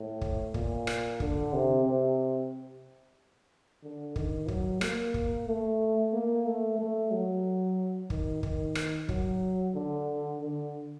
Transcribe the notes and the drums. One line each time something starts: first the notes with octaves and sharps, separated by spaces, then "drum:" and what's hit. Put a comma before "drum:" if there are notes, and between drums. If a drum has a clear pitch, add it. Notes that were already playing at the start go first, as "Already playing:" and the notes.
Already playing: A2
drum: kick
A#2, drum: kick
drum: rim click
D3, drum: kick
C3
C3
D3
D#3, drum: kick
F#3, drum: kick
A#3, drum: rim click
drum: kick
A3
A#3
A3
A3
F#3
D#3, drum: kick
D#3, drum: kick
drum: rim click
F#3, drum: kick
D3
D3